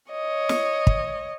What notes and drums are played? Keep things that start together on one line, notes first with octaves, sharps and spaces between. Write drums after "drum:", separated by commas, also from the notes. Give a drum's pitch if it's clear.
C#5 D#5
drum: snare
drum: kick